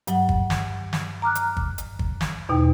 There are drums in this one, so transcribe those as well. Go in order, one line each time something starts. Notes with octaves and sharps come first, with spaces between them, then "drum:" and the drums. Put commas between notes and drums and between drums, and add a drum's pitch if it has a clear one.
G2 F#3 F#5, drum: hi-hat
drum: kick
drum: snare
drum: snare
A#5 D6 F6 F#6
drum: hi-hat
drum: kick
drum: hi-hat
drum: kick
drum: snare
E2 B2 D#4 G5